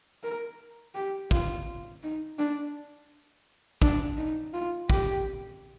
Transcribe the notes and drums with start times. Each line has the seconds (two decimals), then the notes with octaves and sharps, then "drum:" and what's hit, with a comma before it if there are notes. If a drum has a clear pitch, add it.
0.23 A#4
0.95 G4
1.31 F4, drum: kick
2.03 D#4
2.39 D4
3.82 D4, drum: kick
4.17 D#4
4.53 F4
4.90 G4, drum: kick